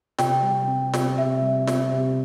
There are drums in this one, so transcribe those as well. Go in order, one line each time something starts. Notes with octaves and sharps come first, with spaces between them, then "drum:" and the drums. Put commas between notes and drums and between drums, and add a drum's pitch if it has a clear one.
C3 G5, drum: snare
G3
C4
C3, drum: snare
C3 E5
G3
C4, drum: snare
C3